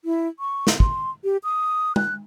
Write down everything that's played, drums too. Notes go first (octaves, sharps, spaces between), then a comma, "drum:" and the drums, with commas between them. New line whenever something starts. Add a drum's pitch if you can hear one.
E4
C#6
drum: snare
C6, drum: kick
G4
D#6
F#6, drum: tom